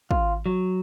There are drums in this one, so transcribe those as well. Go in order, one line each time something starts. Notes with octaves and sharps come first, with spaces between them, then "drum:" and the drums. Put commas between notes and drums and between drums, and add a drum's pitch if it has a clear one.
F4, drum: kick
F#3